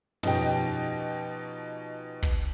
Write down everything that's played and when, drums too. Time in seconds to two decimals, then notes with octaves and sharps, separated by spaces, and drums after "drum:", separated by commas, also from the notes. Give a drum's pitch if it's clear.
0.23 B2 F3 C#4 D#4 G4 G5, drum: tom
2.23 drum: kick